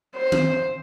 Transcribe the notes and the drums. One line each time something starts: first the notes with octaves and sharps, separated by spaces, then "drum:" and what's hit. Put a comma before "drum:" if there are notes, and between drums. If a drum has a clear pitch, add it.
C5
drum: tom D#3